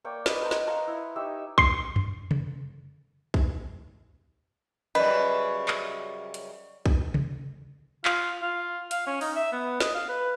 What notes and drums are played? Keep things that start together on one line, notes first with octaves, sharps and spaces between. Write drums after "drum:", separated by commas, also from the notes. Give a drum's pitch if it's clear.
A#3 C#5 D5 G5
B4 C#5 D#5, drum: snare
A#4 C5 A#5
drum: snare
C5 F5 F#5 A#5
E4
D#4 G4 C#5 E5
C6 C7, drum: kick
drum: tom F2
drum: tom C3
drum: kick
F#2 C#3 G3 B4 D5 D#5
drum: clap
drum: hi-hat
drum: kick
drum: tom C3
F4, drum: clap
F4
F5, drum: hi-hat
C#4
D#4, drum: open hi-hat
E5
B3
D#5, drum: snare
F5
B4